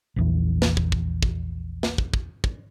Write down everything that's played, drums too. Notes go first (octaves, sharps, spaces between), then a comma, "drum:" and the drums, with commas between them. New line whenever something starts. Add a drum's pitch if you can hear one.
A#1 E2
drum: snare
drum: kick
drum: kick
drum: kick
drum: snare
drum: kick
drum: kick
drum: kick